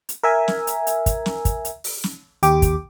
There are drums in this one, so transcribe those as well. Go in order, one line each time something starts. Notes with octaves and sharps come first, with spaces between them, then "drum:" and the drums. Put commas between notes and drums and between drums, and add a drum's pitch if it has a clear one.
drum: hi-hat
A#4 E5 G#5
drum: snare
drum: hi-hat
drum: hi-hat
drum: kick, hi-hat
drum: snare
drum: kick, hi-hat
drum: hi-hat
drum: open hi-hat
drum: snare
D#2 G4 D6, drum: hi-hat
drum: kick, hi-hat